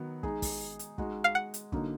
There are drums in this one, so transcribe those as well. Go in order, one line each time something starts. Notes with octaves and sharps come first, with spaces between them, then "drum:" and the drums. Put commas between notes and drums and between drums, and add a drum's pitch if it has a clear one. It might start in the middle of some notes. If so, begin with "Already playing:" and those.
Already playing: D#3 F#3 B3
G#3 D#4 G#4, drum: kick
drum: kick, open hi-hat
drum: hi-hat
G#3 D#4 F#4, drum: kick
F5
F#5
drum: hi-hat
D3 F#3 A#3 D#4, drum: kick